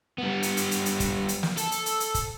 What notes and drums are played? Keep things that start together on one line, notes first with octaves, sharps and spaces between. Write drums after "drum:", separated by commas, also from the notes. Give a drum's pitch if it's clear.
G3 B3
drum: hi-hat
drum: hi-hat
drum: hi-hat
drum: hi-hat
drum: kick, hi-hat
drum: hi-hat
drum: snare
A4, drum: hi-hat
drum: hi-hat
drum: hi-hat
drum: hi-hat
drum: kick, hi-hat